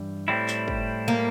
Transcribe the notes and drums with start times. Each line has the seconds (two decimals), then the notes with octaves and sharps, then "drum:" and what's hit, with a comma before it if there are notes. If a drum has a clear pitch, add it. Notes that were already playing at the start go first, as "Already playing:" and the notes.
Already playing: G2 E3 G3
0.28 A2 G3 C4 E4
0.48 drum: clap
0.68 drum: kick
1.08 A#3